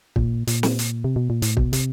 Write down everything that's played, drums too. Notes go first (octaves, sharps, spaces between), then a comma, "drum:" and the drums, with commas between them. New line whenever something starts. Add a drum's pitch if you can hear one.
A#2, drum: kick
A#2, drum: hi-hat
drum: snare
drum: hi-hat
C3
B2
A#2
A2, drum: hi-hat
B2, drum: kick
C3, drum: hi-hat